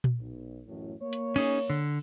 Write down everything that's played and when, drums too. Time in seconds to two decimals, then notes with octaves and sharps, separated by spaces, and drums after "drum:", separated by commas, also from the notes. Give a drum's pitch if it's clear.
0.04 drum: tom A#2
0.19 B1
0.67 A1 F#2 A2
1.02 A#3 C#5
1.13 drum: hi-hat
1.36 C#4 D#4 G#4, drum: cymbal
1.70 D3